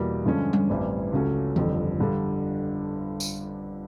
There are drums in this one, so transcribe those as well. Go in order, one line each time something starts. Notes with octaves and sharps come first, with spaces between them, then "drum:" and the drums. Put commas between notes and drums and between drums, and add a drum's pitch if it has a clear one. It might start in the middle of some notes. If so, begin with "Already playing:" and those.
Already playing: E2 B2 G3 A#3
G2 D3 F3 G#3 C#4
drum: tom G3
A1 G2 E3 G3 C4
C#2 C#3 F#3 A3 C#4
G1 F2 D3 G3, drum: tom E3
G2 D3 G3
drum: tambourine